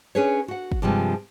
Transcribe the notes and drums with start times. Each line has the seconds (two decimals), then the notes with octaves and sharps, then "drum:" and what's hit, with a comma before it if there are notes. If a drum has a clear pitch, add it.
0.15 C#4 D4 G#4 B4 C#5
0.48 F#4 F#5
0.72 drum: kick
0.82 G2 C3 F3 G3 G#3